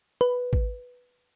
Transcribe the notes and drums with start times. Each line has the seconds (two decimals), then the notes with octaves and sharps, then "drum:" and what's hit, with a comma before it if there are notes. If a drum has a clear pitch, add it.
0.21 B4
0.53 drum: kick G#1